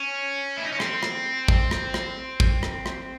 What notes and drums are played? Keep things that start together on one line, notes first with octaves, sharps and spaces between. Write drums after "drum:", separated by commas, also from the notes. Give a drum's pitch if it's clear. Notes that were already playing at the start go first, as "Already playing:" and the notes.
Already playing: C#4
E4
D#4
C#4
C4, drum: rim click
drum: rim click
drum: kick
drum: rim click
drum: rim click
drum: kick
drum: rim click
drum: rim click